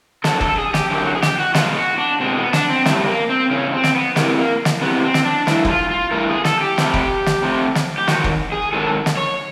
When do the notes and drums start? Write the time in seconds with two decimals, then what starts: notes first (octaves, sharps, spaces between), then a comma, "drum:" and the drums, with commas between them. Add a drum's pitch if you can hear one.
0.24 F#2 D3 F#3 A4, drum: snare
0.41 A4, drum: kick F#1
0.58 G#4
0.74 G4, drum: snare
0.90 F#2 D3 F#3 G4
1.06 F#4
1.15 G#4
1.22 G4, drum: snare
1.39 F#4
1.54 B2 G#3 F4, drum: snare
1.77 F#4
1.98 D4
2.20 B2 G#3 C4
2.37 B3
2.53 D4, drum: snare
2.69 C4
2.86 E2 C#3 G3 A3, drum: snare
3.07 A#3
3.29 C4
3.50 E2 C#3 C#4
3.73 C4
3.84 drum: snare
3.95 B3
4.16 C3 E3 G#3 A#3, drum: snare
4.38 A#3
4.65 drum: snare
4.82 C3 E3 G#3 B3
5.04 C4
5.14 drum: snare
5.25 D4
5.47 G2 E3 A3 E4, drum: snare
5.65 E4, drum: kick F#1
5.69 F4
5.91 F4
6.11 G2 E3 A3 A#4
6.29 G#4
6.44 A4, drum: snare
6.61 G4
6.78 C3 F3 A3, drum: snare
6.94 drum: kick F#1
7.26 drum: snare
7.42 C3 F3 A3
7.75 drum: snare
7.98 G4
8.08 G#2 D#3 F#3 F#4, drum: snare
8.24 drum: kick F#1
8.52 G#4
8.73 G#2 D#3 F#3 A4
9.06 drum: snare
9.17 C#5